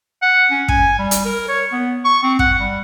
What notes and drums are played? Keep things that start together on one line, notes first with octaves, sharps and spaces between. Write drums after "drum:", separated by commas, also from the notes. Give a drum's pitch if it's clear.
F#5
C#4
G#5, drum: kick
G3
drum: hi-hat
A#4
C#5
B3
C#6
C4
F#5, drum: kick
G3